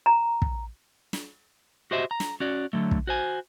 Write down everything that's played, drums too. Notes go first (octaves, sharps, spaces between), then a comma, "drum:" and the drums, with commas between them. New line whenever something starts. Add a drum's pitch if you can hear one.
A#5
drum: kick
drum: snare
F#4 G4 C5 D#5 E5
A#5
drum: snare
C#4 F#4 D5
D3 F#3 A3
drum: kick
F#4 C5 G#5